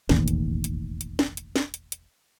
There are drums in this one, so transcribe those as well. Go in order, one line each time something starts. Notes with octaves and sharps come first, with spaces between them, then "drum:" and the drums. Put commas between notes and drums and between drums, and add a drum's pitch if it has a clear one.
E1 A1 D#2, drum: snare
drum: hi-hat
drum: hi-hat
drum: hi-hat
drum: snare
drum: hi-hat
drum: snare
drum: hi-hat
drum: hi-hat